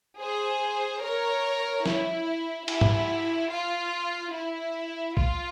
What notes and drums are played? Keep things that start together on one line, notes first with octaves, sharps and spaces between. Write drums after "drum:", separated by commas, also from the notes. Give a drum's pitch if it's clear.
G#4 C5
A#4 C#5
E4, drum: snare
E4, drum: cymbal
drum: tom G#2
F4
E4
F4, drum: kick